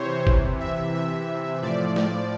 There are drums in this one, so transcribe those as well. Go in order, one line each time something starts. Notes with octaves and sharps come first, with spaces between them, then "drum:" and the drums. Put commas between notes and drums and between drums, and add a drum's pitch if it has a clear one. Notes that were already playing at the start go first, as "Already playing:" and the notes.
Already playing: C3 E3 C5 C#5
C3 E3, drum: kick G#1
E5
E5
A2 F3 D5
D5, drum: snare